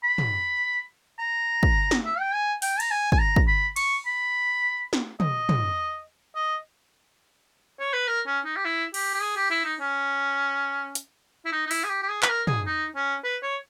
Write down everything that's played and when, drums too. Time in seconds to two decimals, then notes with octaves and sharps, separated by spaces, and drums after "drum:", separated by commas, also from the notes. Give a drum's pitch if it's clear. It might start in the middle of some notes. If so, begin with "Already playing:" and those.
0.04 B5
0.18 drum: tom
1.19 A#5
1.63 drum: kick
1.91 drum: snare
2.06 E5
2.20 G5
2.34 G#5
2.62 G5, drum: open hi-hat
2.80 A#5, drum: cymbal
2.91 G#5
3.12 G#5, drum: kick
3.19 A#5
3.36 drum: kick
3.48 B5
3.76 C#6, drum: cymbal
4.06 B5
4.93 drum: snare
5.20 D#5, drum: tom
5.49 drum: tom
6.35 D#5
7.80 C#5
7.93 B4
8.08 A#4
8.26 C#4
8.45 D#4
8.56 G4
8.65 E4
8.94 G4, drum: cymbal
9.14 G4
9.22 G#4
9.36 G4
9.50 E4
9.65 D#4
9.80 C#4
10.95 drum: hi-hat
11.45 E4
11.52 D#4
11.67 D#4
11.71 E4, drum: open hi-hat
11.84 G#4
11.89 G4
12.02 G4
12.09 G#4
12.23 B4, drum: clap
12.29 A#4
12.47 G#4, drum: tom
12.66 D#4
12.96 C#4
13.24 B4
13.43 C#5